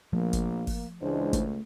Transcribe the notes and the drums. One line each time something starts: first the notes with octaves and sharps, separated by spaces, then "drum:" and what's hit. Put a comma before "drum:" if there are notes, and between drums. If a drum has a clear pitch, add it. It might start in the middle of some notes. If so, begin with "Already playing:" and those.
A#1 F3 A3 A#3
drum: kick G#1, hi-hat
drum: kick G#1, open hi-hat
C#2 E3 G#3 D4 C5
A3, drum: kick G#1, hi-hat